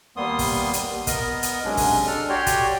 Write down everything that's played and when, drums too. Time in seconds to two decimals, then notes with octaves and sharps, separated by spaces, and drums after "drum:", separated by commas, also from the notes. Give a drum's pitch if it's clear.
0.17 D#2 G3 A#3 B3 C6 D#6
0.39 drum: kick, open hi-hat
0.73 drum: hi-hat
1.07 B3 A#4 D#5, drum: kick, hi-hat
1.43 drum: hi-hat
1.65 C3 F#3 G#3 C#4 D4
1.77 drum: kick, open hi-hat
2.07 D4 A4 F6
2.29 F#4 G4 C#5 D5 G5 C6
2.47 drum: kick, hi-hat